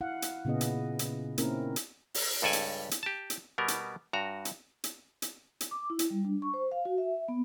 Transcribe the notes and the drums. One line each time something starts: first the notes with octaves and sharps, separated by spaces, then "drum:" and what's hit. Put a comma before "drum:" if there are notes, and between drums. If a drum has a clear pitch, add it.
E4 F5 F#5
drum: hi-hat
A#2 C#3 B3 E4 G#4 D#5
drum: hi-hat
drum: hi-hat
A#3 C4 C#4 D#4 E4 A#4, drum: hi-hat
drum: hi-hat
drum: open hi-hat
C#2 G2 A4 D5 G#5
drum: hi-hat
drum: hi-hat
G4 A5
drum: hi-hat
B2 G3 B3 A#4
drum: hi-hat
G2 F#4 A#5
drum: hi-hat
drum: hi-hat
drum: hi-hat
drum: hi-hat
D6
E4
drum: hi-hat
G3
D4
C#6
C5
F5
F#4
E5
B3